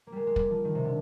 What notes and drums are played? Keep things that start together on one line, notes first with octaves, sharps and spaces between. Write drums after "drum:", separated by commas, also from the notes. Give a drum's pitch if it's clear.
A#3
G3 G#3
G#3
G3, drum: kick
F3
D#3
C3
D3